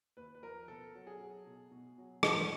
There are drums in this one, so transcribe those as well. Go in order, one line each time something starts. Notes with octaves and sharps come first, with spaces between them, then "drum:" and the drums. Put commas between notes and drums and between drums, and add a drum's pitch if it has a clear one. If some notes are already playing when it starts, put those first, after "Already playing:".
D#2 B4
B4
F3 A#4
B2 A4
F#3
G#4
F#3
B2
B2
F#3
F#3, drum: rim click